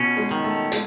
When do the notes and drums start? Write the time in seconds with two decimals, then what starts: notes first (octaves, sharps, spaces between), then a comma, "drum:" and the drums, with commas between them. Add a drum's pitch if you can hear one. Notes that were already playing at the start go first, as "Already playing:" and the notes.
Already playing: B2 C#4
0.17 G#3
0.31 D#3
0.44 A3
0.72 G#3, drum: hi-hat